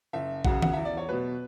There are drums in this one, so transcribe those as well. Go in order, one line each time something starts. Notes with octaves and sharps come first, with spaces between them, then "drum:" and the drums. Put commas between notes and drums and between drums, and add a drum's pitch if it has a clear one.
F#1 E5
F#2 C#3 F#3 F#5, drum: kick A1
F#5, drum: tom D#3
E2 E5
D5
C#5
B2 F#3 B4